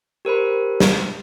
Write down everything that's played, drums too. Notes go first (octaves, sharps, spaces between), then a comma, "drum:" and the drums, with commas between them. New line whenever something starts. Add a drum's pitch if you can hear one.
G4 A#4 C5 B5
drum: snare